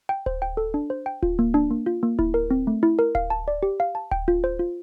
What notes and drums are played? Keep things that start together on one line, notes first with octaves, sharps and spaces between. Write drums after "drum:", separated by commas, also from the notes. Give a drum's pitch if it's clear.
G5
C5, drum: kick D1
G5
A4
D4
C5
G5
F4, drum: kick D1
A#3
D4
A#3
F4
A#3
E4, drum: kick D1
A#4
C4
A3
E4
A#4
F5, drum: kick D1
A5
D5
G4
F5
A5
G5, drum: kick D1
F4
C5
F4